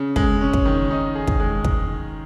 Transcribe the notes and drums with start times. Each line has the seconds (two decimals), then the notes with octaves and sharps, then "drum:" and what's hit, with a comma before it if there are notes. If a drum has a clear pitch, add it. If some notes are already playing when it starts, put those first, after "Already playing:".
Already playing: C#3
0.16 G#3, drum: kick
0.41 C#4
0.53 drum: kick
0.65 D#3
0.91 D#4
1.15 G#4
1.28 drum: kick
1.40 G#3
1.65 drum: kick